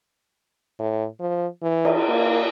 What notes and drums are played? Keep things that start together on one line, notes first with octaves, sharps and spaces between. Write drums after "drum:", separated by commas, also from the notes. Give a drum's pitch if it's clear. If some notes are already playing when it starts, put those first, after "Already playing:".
A2
F3
E3
drum: cymbal
A#3